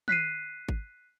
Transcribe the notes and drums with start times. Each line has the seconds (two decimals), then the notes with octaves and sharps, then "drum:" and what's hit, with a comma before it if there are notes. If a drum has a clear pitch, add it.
0.08 F#6 B6 C7 D#7, drum: tom D#3
0.69 drum: kick G#1